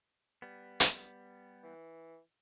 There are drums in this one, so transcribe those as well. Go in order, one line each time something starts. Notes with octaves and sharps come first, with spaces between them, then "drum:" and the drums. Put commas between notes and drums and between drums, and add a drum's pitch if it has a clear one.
G3 B3
drum: hi-hat
E3